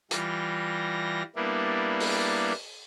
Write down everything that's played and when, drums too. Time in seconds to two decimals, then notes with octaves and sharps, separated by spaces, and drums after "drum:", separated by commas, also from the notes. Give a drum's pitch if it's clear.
0.11 E3 G3 F4 A#6, drum: hi-hat
1.36 G3 A#3 B3 D4 E4
2.00 drum: open hi-hat